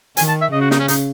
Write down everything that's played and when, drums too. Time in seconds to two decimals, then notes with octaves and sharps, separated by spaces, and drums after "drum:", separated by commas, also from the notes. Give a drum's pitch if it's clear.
0.17 D#3 G#5, drum: hi-hat
0.29 A5
0.41 E5
0.52 C#3 D#5
0.61 F#4
0.71 D#4, drum: snare
0.79 C#4
0.88 D#4, drum: hi-hat